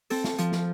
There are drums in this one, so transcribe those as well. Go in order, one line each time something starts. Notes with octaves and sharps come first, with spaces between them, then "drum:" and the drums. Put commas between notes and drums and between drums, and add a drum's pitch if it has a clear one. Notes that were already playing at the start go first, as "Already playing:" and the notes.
C4 A4, drum: open hi-hat
drum: snare
F3, drum: hi-hat
drum: snare